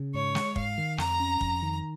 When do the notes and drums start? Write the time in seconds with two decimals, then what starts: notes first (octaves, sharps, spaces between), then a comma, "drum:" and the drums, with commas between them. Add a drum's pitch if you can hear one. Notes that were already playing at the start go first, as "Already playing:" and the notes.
Already playing: C#3
0.14 G#2 C#5
0.35 G#3, drum: snare
0.56 G#2 F5, drum: kick
0.78 D#3
0.98 F2 A#5, drum: snare
1.20 C#4
1.41 F2, drum: kick
1.62 D#3